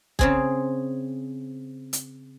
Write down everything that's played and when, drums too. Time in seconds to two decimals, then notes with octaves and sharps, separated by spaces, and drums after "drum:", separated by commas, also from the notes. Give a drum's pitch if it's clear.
0.19 C#3 C4 G#4, drum: kick
1.93 drum: hi-hat